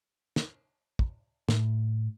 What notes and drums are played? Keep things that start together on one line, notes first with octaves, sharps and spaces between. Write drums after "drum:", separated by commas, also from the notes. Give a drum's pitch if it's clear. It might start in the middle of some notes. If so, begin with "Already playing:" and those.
drum: snare
drum: kick
A2, drum: snare